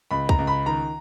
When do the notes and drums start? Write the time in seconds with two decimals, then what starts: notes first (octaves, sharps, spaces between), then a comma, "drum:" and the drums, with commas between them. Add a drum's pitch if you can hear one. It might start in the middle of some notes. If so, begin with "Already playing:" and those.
0.11 C#2 B5
0.29 A#5, drum: kick
0.39 C#2
0.47 B5
0.66 D#3 A#5